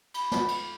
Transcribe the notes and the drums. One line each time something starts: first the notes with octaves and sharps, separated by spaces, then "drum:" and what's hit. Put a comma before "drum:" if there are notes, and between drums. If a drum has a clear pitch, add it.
B5, drum: cymbal
drum: snare
drum: cymbal